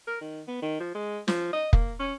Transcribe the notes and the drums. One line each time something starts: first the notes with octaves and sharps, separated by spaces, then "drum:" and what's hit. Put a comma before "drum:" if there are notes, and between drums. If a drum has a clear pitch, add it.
A#4
D#3
B3
D#3
F3
G#3
F3, drum: snare
D#5
A#3, drum: kick F1
C#4